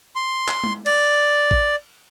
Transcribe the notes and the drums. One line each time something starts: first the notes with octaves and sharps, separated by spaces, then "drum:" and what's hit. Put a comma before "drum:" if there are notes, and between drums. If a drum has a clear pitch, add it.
C6
drum: clap
drum: tom G#3
D5, drum: cymbal
drum: kick A1